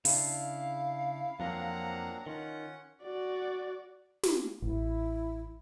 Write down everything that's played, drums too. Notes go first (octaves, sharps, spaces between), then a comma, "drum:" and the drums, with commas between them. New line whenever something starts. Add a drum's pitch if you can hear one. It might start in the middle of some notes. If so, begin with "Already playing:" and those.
C#3 D4 E4 F5, drum: open hi-hat
F2 F3 F#3 A#3 C4 D4 F#5 A#5
D#3 C#4 F4 F#5
F#4 D5
drum: snare
A1 E4